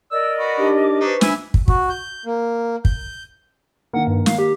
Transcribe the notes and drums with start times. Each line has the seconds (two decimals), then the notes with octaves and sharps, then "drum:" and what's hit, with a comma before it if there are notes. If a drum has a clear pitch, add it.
0.12 A#4 D5 D#5 E6
0.39 F#4 B4
0.57 D4 D#4 G4 A5
0.83 D6
1.01 D4 D#4 B4 C5 C#6
1.21 G#3 D4 E4 E5 G#5, drum: snare
1.54 drum: kick
1.68 F#4, drum: kick
1.89 G6
2.26 A#3
2.85 G6, drum: kick
3.93 D#3 A#3 F#5
4.07 G2
4.26 F5, drum: snare
4.39 G4